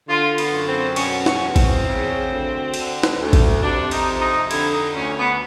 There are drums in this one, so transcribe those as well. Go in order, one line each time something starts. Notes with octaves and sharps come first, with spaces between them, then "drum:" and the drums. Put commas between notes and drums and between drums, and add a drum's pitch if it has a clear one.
D3 F4
B3, drum: cymbal
F#2
C4
B2 C#4, drum: cymbal
C#4, drum: snare
E2
C4, drum: kick A1, cymbal
C#3
D2
D3, drum: cymbal
drum: snare
D2
drum: kick A1, cymbal
C3 D4
D#4, drum: cymbal
F2
D#4
D3 E4, drum: cymbal
D#4
D2 C#4
B3